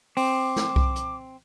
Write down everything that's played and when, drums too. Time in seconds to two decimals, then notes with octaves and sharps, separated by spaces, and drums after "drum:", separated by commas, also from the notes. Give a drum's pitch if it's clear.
0.17 C4 D6, drum: open hi-hat
0.56 drum: snare
0.76 drum: kick C2
0.96 drum: hi-hat